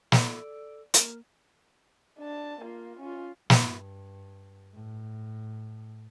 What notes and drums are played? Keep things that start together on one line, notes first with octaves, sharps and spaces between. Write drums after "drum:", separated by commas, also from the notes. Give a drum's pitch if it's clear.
A4 D5, drum: snare
A#3 A#4, drum: hi-hat
D4 A5
A#3 F4
C#4 F4
G2, drum: snare
A2